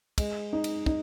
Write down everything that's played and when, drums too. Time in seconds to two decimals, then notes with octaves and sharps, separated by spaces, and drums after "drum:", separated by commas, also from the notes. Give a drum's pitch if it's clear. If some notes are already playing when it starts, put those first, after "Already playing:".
0.18 G#3, drum: kick, cymbal
0.53 D#4
0.64 drum: cymbal
0.86 D#4, drum: kick